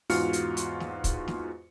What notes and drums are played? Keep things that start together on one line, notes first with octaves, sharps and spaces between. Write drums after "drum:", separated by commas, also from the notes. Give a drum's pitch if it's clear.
E2 G#2 F4 F#4 F6 C#7, drum: open hi-hat
drum: hi-hat
drum: hi-hat
drum: snare
drum: kick, hi-hat
drum: snare